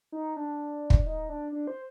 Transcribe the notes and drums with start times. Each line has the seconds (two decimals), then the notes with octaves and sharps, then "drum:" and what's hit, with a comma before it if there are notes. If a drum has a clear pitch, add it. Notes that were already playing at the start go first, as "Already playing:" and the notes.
0.12 D#4
0.36 D4
0.90 drum: kick
1.06 D#4
1.29 D4
1.52 D4
1.67 C5